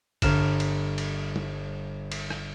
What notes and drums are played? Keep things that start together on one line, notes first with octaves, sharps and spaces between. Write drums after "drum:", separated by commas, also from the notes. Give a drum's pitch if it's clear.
G1 F6 E7, drum: kick, cymbal
drum: cymbal
drum: cymbal
drum: tom G3
drum: cymbal
drum: rim click